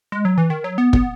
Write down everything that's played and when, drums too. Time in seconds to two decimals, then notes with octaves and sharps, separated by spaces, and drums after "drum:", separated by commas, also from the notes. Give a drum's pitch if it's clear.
0.12 G#3
0.25 F#3
0.38 E3
0.50 D#3
0.64 F#3
0.78 B3
0.93 B3, drum: kick